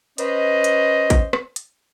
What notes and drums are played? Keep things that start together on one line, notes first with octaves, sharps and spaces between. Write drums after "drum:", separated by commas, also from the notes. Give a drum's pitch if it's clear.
C#4 B4 C5 D#5, drum: hi-hat
drum: hi-hat
drum: kick, hi-hat
drum: rim click
drum: hi-hat